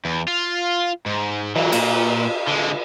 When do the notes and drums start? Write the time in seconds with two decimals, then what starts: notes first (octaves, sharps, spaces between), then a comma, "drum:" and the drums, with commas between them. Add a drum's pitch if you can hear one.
0.05 E2
0.28 F4
1.06 G#2
1.55 E3 F#3, drum: cymbal
1.72 A#2, drum: cymbal
2.48 D3 G#3